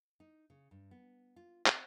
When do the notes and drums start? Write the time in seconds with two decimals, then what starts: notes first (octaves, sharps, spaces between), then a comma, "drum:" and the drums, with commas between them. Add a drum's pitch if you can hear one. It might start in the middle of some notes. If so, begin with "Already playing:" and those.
0.20 D#4
0.50 C#3
0.71 G2
0.91 B3
1.36 F4
1.66 C4, drum: clap